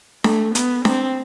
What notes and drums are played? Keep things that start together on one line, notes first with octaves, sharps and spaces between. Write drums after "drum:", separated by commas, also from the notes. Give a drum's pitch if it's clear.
A3, drum: snare D4
B3, drum: hi-hat
C4, drum: snare D4